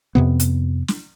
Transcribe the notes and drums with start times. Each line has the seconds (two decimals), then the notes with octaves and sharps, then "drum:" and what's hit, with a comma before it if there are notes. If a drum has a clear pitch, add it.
0.15 F2 C3 B3
0.40 drum: hi-hat
0.88 drum: snare